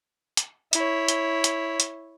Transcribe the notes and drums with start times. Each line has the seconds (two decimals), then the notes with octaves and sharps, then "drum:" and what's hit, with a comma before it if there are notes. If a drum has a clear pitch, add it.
0.37 drum: hi-hat
0.73 E4 C#5, drum: hi-hat
1.09 drum: hi-hat
1.44 drum: hi-hat
1.80 drum: hi-hat